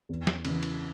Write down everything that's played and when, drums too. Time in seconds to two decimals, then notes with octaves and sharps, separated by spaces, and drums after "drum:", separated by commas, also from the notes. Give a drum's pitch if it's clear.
0.09 E2
0.27 drum: snare
0.45 C#3 E3, drum: cymbal
0.63 drum: cymbal